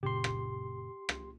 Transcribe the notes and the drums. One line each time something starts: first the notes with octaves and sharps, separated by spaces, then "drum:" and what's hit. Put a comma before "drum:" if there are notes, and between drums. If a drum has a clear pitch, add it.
F#1 A#2 C#3 G4 C6
drum: rim click
drum: rim click